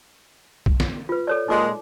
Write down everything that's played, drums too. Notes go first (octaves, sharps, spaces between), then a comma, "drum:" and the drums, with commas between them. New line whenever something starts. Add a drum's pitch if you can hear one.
drum: kick
drum: snare
F4 B4
A4 C#5 D5
A#2 G#3 D#4 D6